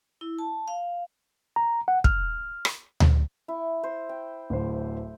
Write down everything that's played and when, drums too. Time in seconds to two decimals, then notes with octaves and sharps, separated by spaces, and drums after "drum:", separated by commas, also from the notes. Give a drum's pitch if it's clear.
0.21 E4
0.39 A5
0.68 F5
1.56 A#5
1.88 F#5
2.04 F6, drum: kick
2.65 drum: rim click
3.00 drum: tom D2
3.48 E4
3.83 C5
4.09 G5
4.50 D1 D2 C5